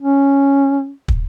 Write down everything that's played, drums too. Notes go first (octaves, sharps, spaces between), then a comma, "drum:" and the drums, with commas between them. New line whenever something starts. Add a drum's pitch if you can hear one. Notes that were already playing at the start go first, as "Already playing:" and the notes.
C#4
drum: kick